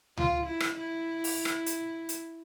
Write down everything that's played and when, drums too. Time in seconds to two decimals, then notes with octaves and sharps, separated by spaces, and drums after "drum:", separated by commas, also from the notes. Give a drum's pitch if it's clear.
0.17 F4, drum: tom C#2
0.46 E4
0.60 drum: rim click
0.74 E4
1.24 drum: open hi-hat
1.45 drum: rim click
1.66 drum: hi-hat
2.09 drum: hi-hat